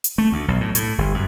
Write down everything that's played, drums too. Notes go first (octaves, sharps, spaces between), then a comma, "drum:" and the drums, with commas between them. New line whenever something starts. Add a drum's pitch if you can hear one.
drum: hi-hat
A3
D2
B1
A2
A2, drum: hi-hat
G1
F#2